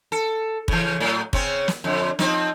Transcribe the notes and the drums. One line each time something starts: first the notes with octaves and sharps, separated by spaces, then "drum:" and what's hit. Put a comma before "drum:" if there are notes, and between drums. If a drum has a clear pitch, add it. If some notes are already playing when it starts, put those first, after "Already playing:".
A4
C#3 E3, drum: kick
A2 F#3
C#3 C4 C#4, drum: kick
drum: snare
F2 D3
F3 C4 D#4, drum: snare